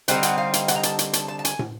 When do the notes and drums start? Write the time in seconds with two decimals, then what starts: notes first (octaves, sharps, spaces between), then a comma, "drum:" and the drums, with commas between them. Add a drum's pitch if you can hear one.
0.08 D3 G3 C4 D#4 F#5, drum: hi-hat
0.23 F#5, drum: hi-hat
0.38 F5
0.53 F5, drum: hi-hat
0.68 F#5, drum: hi-hat
0.76 A#5
0.83 A5, drum: hi-hat
0.99 drum: hi-hat
1.13 A5, drum: hi-hat
1.28 A5
1.39 A5
1.45 G#5, drum: hi-hat
1.59 drum: tom